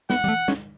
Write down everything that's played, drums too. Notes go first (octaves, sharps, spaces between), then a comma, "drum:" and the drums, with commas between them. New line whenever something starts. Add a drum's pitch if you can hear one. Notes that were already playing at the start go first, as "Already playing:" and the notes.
B3 F#5, drum: snare
G3, drum: tom E3
A3
C#4, drum: snare